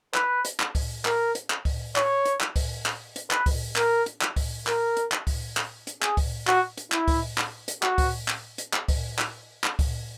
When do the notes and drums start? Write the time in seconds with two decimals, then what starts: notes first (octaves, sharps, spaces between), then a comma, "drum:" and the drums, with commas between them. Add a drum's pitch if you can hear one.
0.14 B4, drum: clap
0.45 drum: hi-hat
0.60 drum: clap
0.75 drum: kick C#2, open hi-hat
1.05 A#4, drum: clap
1.35 drum: hi-hat
1.50 drum: clap
1.65 drum: kick C#2, open hi-hat
1.96 C#5, drum: clap
2.25 drum: hi-hat
2.41 drum: clap
2.56 drum: kick C#2, open hi-hat
2.86 drum: clap
3.16 drum: hi-hat
3.31 B4, drum: clap
3.46 drum: kick C#2, open hi-hat
3.76 A#4, drum: clap
4.06 drum: hi-hat
4.21 drum: clap
4.36 drum: kick C#2, open hi-hat
4.67 A#4, drum: clap
4.97 drum: hi-hat
5.12 drum: clap
5.27 drum: kick C#2, open hi-hat
5.57 drum: clap
5.87 drum: hi-hat
6.02 G#4, drum: clap
6.17 drum: kick C#2, open hi-hat
6.47 F#4, drum: clap
6.78 drum: hi-hat
6.92 E4, drum: clap
7.08 drum: kick C#2, open hi-hat
7.38 drum: clap
7.68 drum: hi-hat
7.83 F#4, drum: clap
7.98 drum: kick C#2, open hi-hat
8.28 drum: clap
8.58 drum: hi-hat
8.73 drum: clap
8.88 drum: kick C#2, open hi-hat
9.19 drum: clap
9.64 drum: clap
9.79 drum: kick C#2, open hi-hat